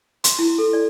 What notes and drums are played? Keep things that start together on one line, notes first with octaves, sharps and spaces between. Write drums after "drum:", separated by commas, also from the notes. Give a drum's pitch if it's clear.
C6, drum: hi-hat
E4
A4
D5